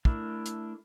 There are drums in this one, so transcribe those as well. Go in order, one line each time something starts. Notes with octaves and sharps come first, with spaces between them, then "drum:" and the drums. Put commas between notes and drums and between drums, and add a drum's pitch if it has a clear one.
A3 D4 E4 A4 A#4, drum: kick
drum: hi-hat